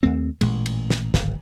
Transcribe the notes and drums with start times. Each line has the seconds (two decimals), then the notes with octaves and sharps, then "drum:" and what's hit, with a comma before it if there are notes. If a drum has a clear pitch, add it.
0.03 D#2 A3 C4
0.41 A1 A#2 G#3, drum: cymbal
0.66 drum: cymbal
0.90 drum: snare
1.14 D1 G#1, drum: snare